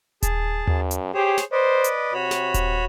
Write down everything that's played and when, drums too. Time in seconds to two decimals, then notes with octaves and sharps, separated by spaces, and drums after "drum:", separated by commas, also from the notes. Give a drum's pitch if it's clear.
0.23 G#4 A5, drum: kick D#1, hi-hat
0.67 F#2, drum: tom D#2
0.91 drum: hi-hat
1.14 G4 G#4 C5 C#5
1.38 drum: snare
1.52 B4 C5 D5 D#5
1.84 drum: hi-hat
2.14 C3 F#4 C#5 B5
2.31 drum: snare
2.54 drum: kick D#1, hi-hat